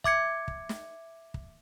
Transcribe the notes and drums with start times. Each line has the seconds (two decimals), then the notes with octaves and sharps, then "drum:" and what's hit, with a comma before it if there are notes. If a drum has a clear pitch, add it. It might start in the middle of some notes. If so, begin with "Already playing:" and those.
0.04 E5 D6 G#6 C#7, drum: kick
0.48 drum: kick
0.69 drum: snare
1.34 drum: kick